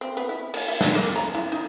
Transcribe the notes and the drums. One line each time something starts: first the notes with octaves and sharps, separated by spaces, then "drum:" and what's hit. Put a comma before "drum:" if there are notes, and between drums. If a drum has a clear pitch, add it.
C4
B3
E4
A#3, drum: cymbal
E5
B3, drum: snare
A#3
A#5
E4
D#4